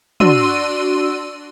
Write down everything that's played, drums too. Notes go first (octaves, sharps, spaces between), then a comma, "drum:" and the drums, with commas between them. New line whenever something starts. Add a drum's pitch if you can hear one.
D4 F#4 D5 C6 E6 D#7, drum: tom